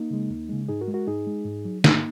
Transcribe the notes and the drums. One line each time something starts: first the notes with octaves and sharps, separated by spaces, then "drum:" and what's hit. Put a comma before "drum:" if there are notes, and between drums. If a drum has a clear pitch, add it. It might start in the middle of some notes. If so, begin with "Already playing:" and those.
Already playing: A#3 D#4
C#3 G#3
D#2
C#3 G#3
G#2 D#4 G#4
F#4 A#4
G#3
F#4 A#4
G#2 D#4 G#4
G#3
G#2
F#3
G#2 A#3 D#4, drum: snare